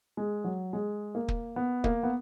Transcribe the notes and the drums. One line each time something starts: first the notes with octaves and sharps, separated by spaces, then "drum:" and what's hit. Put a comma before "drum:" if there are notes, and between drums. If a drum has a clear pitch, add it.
G#3
F#3
G#3
A#3
drum: kick
B3
A#3, drum: kick
B3